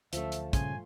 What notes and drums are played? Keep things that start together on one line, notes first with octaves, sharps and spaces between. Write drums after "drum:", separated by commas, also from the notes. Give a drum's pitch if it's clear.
D2 F3 F#3 A3 C#4 E5, drum: hi-hat
drum: hi-hat
G2 A#2 C#3 G#5 C6, drum: kick, hi-hat